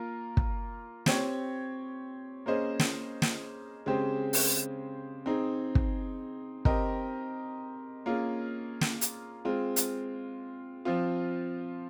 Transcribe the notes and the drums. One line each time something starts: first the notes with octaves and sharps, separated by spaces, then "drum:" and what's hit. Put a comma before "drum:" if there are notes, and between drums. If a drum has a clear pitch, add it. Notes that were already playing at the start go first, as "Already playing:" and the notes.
Already playing: A#3 F4 A#4
drum: kick
C4 G4 C#5, drum: snare
A#3 C#4 G#4 C5 D#5
drum: snare
drum: snare
C#3 G#3 C4 G4 C5
drum: open hi-hat
C4 D#4 G#4
drum: kick
C4 G4 A#4 D#5, drum: kick
A#3 C#4 F4 G#4
drum: snare
drum: hi-hat
G#3 C4 F4
drum: hi-hat
F3 C4 F4